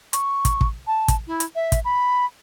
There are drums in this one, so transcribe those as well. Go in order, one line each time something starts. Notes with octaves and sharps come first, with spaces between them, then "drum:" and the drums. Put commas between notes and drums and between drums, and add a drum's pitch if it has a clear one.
C#6, drum: hi-hat
drum: kick, hi-hat
drum: kick
A5
drum: kick, hi-hat
E4
drum: hi-hat
E5
drum: kick, hi-hat
B5